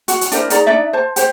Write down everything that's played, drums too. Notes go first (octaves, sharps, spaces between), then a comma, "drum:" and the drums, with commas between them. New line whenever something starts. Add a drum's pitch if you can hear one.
F#4, drum: hi-hat
drum: hi-hat
D4 E4 A#4 C5, drum: hi-hat
D#4 G#4 D5 A#5, drum: hi-hat
D4 D#4 D5 E5
C5 A5
G4 C5, drum: hi-hat